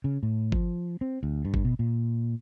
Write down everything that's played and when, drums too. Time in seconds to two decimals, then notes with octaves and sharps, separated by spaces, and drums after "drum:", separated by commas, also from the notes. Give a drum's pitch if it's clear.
0.04 C#3
0.23 A2
0.52 F3, drum: kick G1
1.01 C4
1.23 D2
1.45 G2
1.54 drum: kick G1
1.65 B2
1.79 A#2